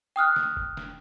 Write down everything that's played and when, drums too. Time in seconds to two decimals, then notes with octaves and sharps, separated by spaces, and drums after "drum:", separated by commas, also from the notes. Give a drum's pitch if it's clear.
0.16 G5 D#6 F6 F#6
0.36 drum: snare
0.57 drum: kick F1
0.77 drum: snare